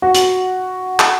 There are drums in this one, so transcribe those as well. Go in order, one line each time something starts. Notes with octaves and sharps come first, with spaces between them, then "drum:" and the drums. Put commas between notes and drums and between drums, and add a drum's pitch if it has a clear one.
F#4
drum: hi-hat
drum: clap